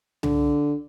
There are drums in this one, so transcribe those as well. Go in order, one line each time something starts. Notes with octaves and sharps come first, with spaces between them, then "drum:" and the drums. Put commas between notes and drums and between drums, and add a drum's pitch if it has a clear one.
D3, drum: tom C2